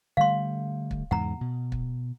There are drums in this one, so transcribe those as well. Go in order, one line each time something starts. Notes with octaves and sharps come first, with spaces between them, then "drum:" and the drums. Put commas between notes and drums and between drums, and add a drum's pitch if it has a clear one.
D3 G3 A3 F5 C6
drum: kick
E2 G#2 C#3 F#5 A#5
B2
drum: kick